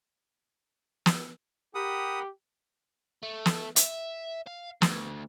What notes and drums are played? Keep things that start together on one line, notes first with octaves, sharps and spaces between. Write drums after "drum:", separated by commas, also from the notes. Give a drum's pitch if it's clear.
drum: snare
G4 A#4 F#5 B5 D#6
A3
drum: snare
E5, drum: hi-hat
F5
D2, drum: snare